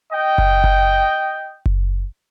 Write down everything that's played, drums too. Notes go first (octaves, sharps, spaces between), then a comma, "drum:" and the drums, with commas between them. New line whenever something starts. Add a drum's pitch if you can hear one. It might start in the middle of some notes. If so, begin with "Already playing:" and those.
D#5 G5
drum: kick F#1
drum: kick F#1
drum: kick F#1